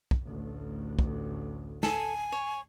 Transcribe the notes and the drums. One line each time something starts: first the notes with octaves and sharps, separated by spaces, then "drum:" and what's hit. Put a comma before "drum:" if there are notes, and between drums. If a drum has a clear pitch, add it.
drum: kick
A1 D2
drum: kick
A4 G#5, drum: snare
C#5